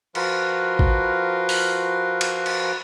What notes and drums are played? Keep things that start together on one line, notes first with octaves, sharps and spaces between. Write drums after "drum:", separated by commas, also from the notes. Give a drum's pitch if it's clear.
F3 F4 F#4 A#4 B4 F5, drum: cymbal
drum: kick A1
drum: open hi-hat
drum: cymbal
drum: cymbal